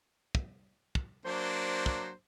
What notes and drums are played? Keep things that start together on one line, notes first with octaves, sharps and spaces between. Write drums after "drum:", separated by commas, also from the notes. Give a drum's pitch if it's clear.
drum: kick
drum: kick
F#3 A#3 D4 C5
drum: kick